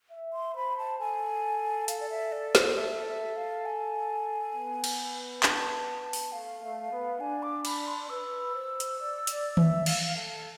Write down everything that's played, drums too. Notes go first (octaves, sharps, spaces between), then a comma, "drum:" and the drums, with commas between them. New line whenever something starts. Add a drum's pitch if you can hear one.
E5
C6
C5 B5
A5
A4 G#5
F5, drum: hi-hat
D5
E5
D5
C5, drum: snare
E5
E5
F5
G#5
B3
drum: cymbal
A5, drum: clap
drum: open hi-hat
A3 F5
A3
B3
D4 G#5
D6
B5, drum: cymbal
C6
B4 E6
C5
drum: hi-hat
D5
D5, drum: hi-hat
E5, drum: tom D#3
F5, drum: cymbal
A4